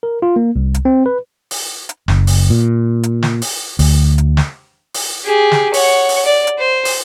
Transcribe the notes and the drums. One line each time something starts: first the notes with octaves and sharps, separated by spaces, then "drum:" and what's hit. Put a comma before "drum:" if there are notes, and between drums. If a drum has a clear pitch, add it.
A#4
F4
A#3
C2
drum: hi-hat
C4
B4
drum: open hi-hat
drum: hi-hat
F#1, drum: snare
drum: open hi-hat
A#2
drum: hi-hat
drum: snare
drum: open hi-hat
D2, drum: open hi-hat
drum: hi-hat
drum: snare
drum: open hi-hat
G4 G#4
drum: snare
C#5 F#5, drum: open hi-hat
drum: open hi-hat
D5
drum: hi-hat
C5
drum: open hi-hat